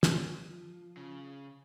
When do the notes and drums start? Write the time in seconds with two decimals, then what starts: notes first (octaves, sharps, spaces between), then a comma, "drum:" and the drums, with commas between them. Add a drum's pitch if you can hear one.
0.03 F3, drum: snare
0.97 C#3